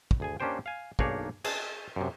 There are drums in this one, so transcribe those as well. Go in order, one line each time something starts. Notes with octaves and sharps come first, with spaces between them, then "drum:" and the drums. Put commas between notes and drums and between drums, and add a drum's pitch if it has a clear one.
drum: kick
D2 G#4 G#5
A#3 C#4 D4 G4 C5 G5
F5 G#5
B1 A#3 D4 D#4 G#4 C#5, drum: kick
G#4 A5, drum: cymbal
F#2 C3